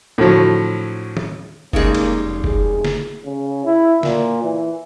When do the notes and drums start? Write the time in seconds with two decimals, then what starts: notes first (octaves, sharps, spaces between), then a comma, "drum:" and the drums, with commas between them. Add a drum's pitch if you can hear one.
0.18 A2 D3 F3 F#3
1.17 drum: tom D#3
1.73 F1 C#3 G3 G#3 A#3 D#4, drum: kick F#1
1.95 drum: cymbal
2.44 G#4, drum: kick F#1
2.85 drum: snare
3.25 C#3
3.66 E4
4.03 A#2, drum: snare
4.44 E3